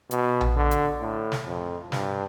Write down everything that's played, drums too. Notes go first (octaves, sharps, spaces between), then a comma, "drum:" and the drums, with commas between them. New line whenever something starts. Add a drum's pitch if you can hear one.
B2, drum: hi-hat
drum: tom A#1
D3
drum: hi-hat
A2
drum: snare
F2
G2, drum: snare